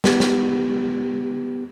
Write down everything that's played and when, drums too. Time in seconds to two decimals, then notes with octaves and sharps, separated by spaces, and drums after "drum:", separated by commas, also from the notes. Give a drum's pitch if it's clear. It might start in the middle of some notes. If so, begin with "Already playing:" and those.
0.04 B3 G4, drum: snare
0.20 drum: snare